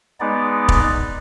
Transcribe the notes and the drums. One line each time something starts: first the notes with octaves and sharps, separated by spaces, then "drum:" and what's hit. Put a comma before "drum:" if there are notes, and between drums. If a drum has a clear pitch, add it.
G#3 B3 D#4 D5
drum: kick